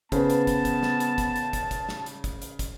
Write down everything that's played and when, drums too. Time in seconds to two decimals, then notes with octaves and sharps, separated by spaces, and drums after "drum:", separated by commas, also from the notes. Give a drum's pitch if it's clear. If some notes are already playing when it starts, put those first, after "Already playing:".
0.12 C#3 B3 B4 C5 A5, drum: kick, hi-hat
0.30 drum: hi-hat
0.47 drum: kick, hi-hat
0.65 drum: kick, hi-hat
0.83 drum: snare
1.00 drum: hi-hat
1.18 drum: kick, hi-hat
1.36 drum: hi-hat
1.53 drum: kick, hi-hat
1.71 drum: kick, hi-hat
1.89 drum: snare
2.06 drum: hi-hat
2.24 drum: kick, hi-hat
2.42 drum: hi-hat
2.59 drum: kick, hi-hat